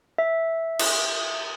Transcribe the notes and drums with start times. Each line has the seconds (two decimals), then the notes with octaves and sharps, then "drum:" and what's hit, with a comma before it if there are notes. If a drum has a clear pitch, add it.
0.18 E5
0.79 drum: cymbal